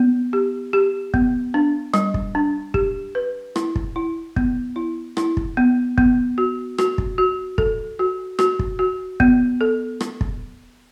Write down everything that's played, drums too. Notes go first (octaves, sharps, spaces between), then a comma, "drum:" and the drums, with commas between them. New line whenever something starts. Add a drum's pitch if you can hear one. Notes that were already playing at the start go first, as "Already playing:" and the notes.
Already playing: B3
G4
G4
B3, drum: kick
D4
G3, drum: rim click
drum: kick
D4
G4, drum: kick
B4
E4, drum: rim click
drum: kick
E4
B3, drum: kick
E4
E4, drum: rim click
drum: kick
B3
B3, drum: kick
F#4
F#4, drum: rim click
drum: kick
F#4
A4, drum: kick
F#4
F#4, drum: rim click
drum: kick
F#4
B3, drum: kick
A4
drum: rim click
drum: kick